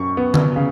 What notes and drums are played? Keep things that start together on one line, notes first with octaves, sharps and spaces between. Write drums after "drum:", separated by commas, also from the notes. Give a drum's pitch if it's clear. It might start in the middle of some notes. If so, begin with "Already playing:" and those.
Already playing: F#2 C#6
B3
drum: tom D3
C#3